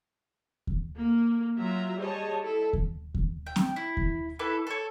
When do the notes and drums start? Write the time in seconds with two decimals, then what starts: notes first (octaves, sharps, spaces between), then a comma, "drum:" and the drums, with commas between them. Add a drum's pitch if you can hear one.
0.67 drum: kick D#2
0.98 A#3
1.57 F#3 F4 E5 A#5
1.98 G3 G#4 C#5 D#5 A5
2.42 E4 A4
2.73 drum: kick D#2
3.15 drum: kick D#2
3.46 G5
3.56 drum: snare C4
3.76 E4
3.97 drum: kick D#2
4.39 E4 A4 B4 D6
4.67 A4 C#5